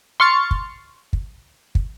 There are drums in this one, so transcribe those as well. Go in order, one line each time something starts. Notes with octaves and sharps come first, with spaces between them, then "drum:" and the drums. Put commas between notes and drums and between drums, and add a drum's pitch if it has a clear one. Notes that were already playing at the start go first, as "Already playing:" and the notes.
C6 C#6 F6 A6 C#7
drum: kick
drum: kick
drum: kick